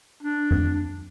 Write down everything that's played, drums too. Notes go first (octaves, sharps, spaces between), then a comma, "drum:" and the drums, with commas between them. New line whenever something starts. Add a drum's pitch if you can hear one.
D4
drum: tom F2